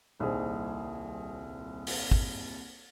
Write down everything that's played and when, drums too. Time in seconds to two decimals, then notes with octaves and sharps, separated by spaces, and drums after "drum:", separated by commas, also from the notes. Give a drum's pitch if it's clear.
0.20 D#1 C2 A#2 D#4 G#4 C5
1.87 drum: open hi-hat
2.11 drum: kick